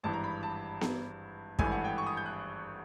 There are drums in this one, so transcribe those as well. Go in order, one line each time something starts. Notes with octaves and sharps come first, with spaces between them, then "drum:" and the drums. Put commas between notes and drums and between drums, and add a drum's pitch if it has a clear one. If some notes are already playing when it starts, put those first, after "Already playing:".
G#1 G2 E3 A5
A#5
B5
A5
drum: snare B3
G#1 G2 E3 A3 G#5, drum: kick
F#5
G5
C#6
D#6
G6
F#6